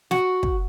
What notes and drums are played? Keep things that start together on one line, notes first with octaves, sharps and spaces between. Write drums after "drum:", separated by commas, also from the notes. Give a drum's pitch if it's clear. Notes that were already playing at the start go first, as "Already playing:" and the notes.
F#4, drum: snare
drum: kick